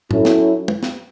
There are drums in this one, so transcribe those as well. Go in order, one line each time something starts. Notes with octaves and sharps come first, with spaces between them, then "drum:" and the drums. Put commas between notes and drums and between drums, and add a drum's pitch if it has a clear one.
F#3 C#4 E4 A4, drum: tom A2
drum: snare
drum: tom
drum: snare